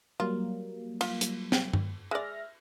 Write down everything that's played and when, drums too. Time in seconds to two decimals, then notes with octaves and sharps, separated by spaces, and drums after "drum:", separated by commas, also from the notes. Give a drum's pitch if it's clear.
0.20 F#3 G3 A#3 F4
1.01 F4, drum: cymbal
1.21 drum: hi-hat
1.52 drum: snare
1.73 drum: tom G2
2.11 G#3 D5 E5 F6 A#6